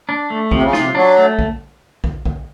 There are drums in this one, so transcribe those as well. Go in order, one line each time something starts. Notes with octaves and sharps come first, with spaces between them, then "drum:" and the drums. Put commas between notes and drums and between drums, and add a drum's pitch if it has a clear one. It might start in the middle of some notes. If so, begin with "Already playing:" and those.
D4
A3
C3 F3, drum: kick
C#3
C3 F4, drum: snare
F#3 D4
A3
drum: kick
drum: kick
drum: kick